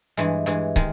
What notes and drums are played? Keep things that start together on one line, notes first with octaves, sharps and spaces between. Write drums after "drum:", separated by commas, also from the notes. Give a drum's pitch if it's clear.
G2 E3 G#3, drum: hi-hat
G2 E3 G#3, drum: hi-hat
D#3 G#3, drum: kick, hi-hat